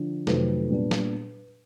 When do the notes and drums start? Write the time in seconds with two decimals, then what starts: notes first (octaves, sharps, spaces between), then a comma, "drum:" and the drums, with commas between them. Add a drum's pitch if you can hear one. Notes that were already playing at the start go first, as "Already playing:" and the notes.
Already playing: D3 F3
0.27 F2 C3 D#3 F#3 A3 B4, drum: snare
0.70 A#2 G3 B3 D4
0.91 drum: snare